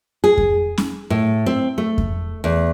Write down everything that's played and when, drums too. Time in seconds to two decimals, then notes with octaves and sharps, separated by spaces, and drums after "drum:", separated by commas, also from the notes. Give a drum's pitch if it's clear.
0.24 G#4
0.38 drum: kick F2
0.78 drum: snare C#4
1.10 A2
1.46 C4
1.78 A3
1.98 drum: kick F2
2.44 E2